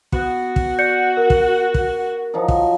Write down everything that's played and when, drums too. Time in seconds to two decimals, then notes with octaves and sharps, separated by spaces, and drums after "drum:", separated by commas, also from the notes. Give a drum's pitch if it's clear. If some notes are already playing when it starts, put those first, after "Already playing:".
0.12 B3 F#4, drum: kick
0.56 drum: kick
0.78 D5 G6 C#7
1.17 A#4
1.30 drum: kick
1.74 drum: kick
2.34 F3 F#3 D#4
2.48 drum: kick